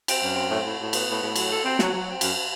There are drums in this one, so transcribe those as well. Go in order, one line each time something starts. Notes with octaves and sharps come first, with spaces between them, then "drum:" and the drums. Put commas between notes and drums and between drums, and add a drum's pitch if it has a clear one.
C4, drum: cymbal
F#2
C4
A2
A2
A2
B3, drum: cymbal
A2
A2
F#3, drum: cymbal
A4
C4
F#3, drum: snare
F#3
C4
F#2, drum: cymbal